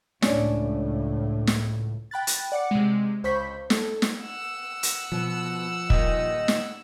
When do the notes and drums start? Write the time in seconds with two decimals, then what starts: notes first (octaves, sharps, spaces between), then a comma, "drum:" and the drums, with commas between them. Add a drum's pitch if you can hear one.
0.22 C#2 A2 C#4 D4, drum: snare
1.47 drum: snare
2.11 G5 B5 F#6 A6
2.27 drum: hi-hat
2.52 D5 F#5 D6 C#7
2.71 C3 G#3
3.24 C#2 C5 B5 C#6 G6 B6
3.70 A4, drum: snare
4.02 drum: snare
4.22 F#5 E6
4.83 drum: hi-hat
5.12 B2 F3
5.90 G2 A#2 D#3 D#5, drum: kick
6.48 drum: snare